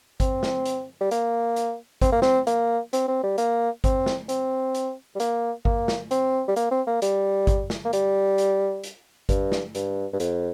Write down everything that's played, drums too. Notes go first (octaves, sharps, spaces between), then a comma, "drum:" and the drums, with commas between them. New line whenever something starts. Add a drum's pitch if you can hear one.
C4, drum: kick G#1, hi-hat
drum: snare
drum: hi-hat
G3
A#3, drum: hi-hat
drum: hi-hat
C4, drum: kick G#1, hi-hat
A#3
C4, drum: snare
A#3, drum: hi-hat
C4, drum: hi-hat
C4
G3
A#3, drum: hi-hat
C4, drum: kick G#1, hi-hat
drum: snare
C4, drum: hi-hat
drum: hi-hat
G3
A#3, drum: hi-hat
A#3, drum: kick G#1
drum: snare
C4, drum: hi-hat
G3
A#3, drum: hi-hat
C4
A#3
G3, drum: hi-hat
drum: kick G#1, hi-hat
drum: snare
A#3
G3, drum: hi-hat
drum: hi-hat
drum: hi-hat
G2, drum: kick G#1, hi-hat
drum: snare
G2, drum: hi-hat
G2
F2, drum: hi-hat